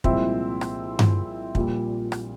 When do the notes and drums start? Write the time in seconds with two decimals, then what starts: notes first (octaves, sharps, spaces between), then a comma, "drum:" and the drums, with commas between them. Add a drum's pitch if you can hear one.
0.04 C2 A#2 F3 G#3 C4 E4, drum: kick
0.61 drum: rim click
0.99 drum: tom G2
1.55 A#1 A#2 G3, drum: kick
2.12 drum: rim click